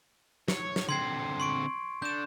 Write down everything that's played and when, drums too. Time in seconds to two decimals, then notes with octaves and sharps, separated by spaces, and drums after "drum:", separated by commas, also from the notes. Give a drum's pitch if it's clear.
0.48 C#5, drum: snare
0.76 drum: snare
0.89 D3 C4 C6 G#6 C7
1.40 C6 C#6 D7
2.02 D3 G6 E7